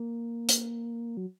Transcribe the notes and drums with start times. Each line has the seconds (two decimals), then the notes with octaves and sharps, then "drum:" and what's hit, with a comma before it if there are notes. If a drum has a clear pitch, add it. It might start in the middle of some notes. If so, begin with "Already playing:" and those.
Already playing: A#3
0.49 drum: hi-hat
1.17 F#3